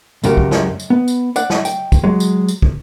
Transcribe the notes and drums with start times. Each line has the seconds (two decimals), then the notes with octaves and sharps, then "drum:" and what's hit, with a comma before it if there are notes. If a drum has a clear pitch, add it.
0.24 C#2 F#2 C#3 F#4 G4 A#4, drum: tambourine
0.37 drum: kick
0.51 drum: snare
0.80 drum: tambourine
0.90 B3
1.08 drum: tambourine
1.36 D5 F#5, drum: tambourine
1.50 drum: snare
1.65 G5, drum: tambourine
1.92 drum: kick, tambourine
2.04 F#3 G#3
2.20 drum: tambourine
2.48 drum: tambourine
2.62 drum: kick